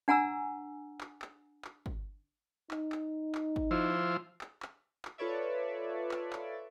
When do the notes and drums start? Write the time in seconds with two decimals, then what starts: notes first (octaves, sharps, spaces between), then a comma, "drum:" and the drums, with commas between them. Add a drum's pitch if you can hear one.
0.08 D4 F#5 G#5 A#5 E6
1.01 drum: clap
1.22 drum: clap
1.64 drum: clap
1.86 drum: kick
2.71 D#4, drum: clap
2.92 drum: clap
3.35 drum: clap
3.56 drum: kick
3.71 F3 E4 C5
4.41 drum: clap
4.62 drum: clap
5.05 drum: clap
5.18 F4 A4 B4 C#5 D5 E5
6.11 drum: clap
6.33 drum: clap